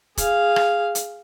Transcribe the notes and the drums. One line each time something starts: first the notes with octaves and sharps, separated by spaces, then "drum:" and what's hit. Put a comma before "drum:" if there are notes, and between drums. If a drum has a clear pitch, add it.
G#4 F5, drum: kick E1, hi-hat
drum: rim click
drum: hi-hat